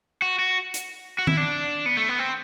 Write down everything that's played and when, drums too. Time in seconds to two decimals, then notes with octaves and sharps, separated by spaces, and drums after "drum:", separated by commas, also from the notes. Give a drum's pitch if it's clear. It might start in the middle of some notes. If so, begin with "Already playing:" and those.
0.22 F#4
0.39 F#4
0.74 drum: hi-hat
1.19 F#4
1.27 E4, drum: tom D#3
1.37 D4
1.86 B3
1.97 A3
2.09 B3
2.19 C4